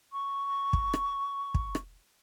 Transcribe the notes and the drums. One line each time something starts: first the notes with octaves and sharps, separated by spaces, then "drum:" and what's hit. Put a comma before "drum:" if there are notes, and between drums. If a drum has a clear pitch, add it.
C#6
drum: kick
drum: rim click
drum: kick
drum: rim click